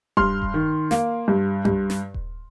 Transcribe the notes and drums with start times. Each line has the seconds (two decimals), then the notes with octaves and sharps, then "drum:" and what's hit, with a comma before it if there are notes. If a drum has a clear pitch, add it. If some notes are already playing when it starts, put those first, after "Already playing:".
0.17 G2 C6 F6, drum: kick D#1
0.42 drum: kick D#1
0.54 D#3
0.91 A#3, drum: snare
1.28 G2
1.65 G2, drum: tom G2
1.90 drum: snare
2.14 drum: kick D#1